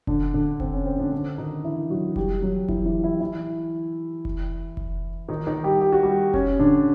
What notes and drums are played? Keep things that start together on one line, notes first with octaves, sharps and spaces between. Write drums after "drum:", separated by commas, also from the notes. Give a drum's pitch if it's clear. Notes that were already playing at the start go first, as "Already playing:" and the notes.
D3 D4, drum: kick F1
D3 D4
C4, drum: kick F1
C#4
C4
D3 D4
D3 D4
D#3 D#4
E3 E4
F#3 F#4
G3 G4, drum: kick F1
F#3 F#4
E3 E4, drum: kick F1
E3 E4
E3 E4
E3 E4
drum: kick F1
drum: kick F1
D#3 D#4
D#3 D#4
G3 G4
G4
F#4
G3 G4
C#4, drum: kick F1
D3 D4